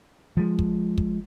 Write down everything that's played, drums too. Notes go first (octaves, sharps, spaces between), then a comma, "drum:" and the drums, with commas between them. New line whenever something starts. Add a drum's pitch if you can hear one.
F3 G#3
drum: kick
drum: kick